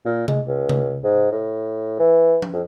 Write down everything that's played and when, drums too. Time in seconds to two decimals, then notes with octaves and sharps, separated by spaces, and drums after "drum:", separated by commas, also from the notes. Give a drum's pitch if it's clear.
0.06 A#2
0.28 G#3, drum: tom C3
0.47 C#2
0.69 drum: tom C3
1.04 G#2
1.32 A2
1.99 E3
2.42 drum: tom F3
2.53 F2